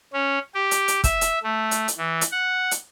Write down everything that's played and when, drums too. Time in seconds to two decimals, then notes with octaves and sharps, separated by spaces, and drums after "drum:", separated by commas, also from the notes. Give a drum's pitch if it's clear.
0.13 C#4
0.55 G4
0.71 drum: hi-hat
0.88 drum: hi-hat
1.04 E5, drum: kick, hi-hat
1.21 drum: hi-hat
1.43 A3
1.71 drum: hi-hat
1.88 drum: hi-hat
1.97 E3
2.21 drum: hi-hat
2.31 F#5
2.71 drum: hi-hat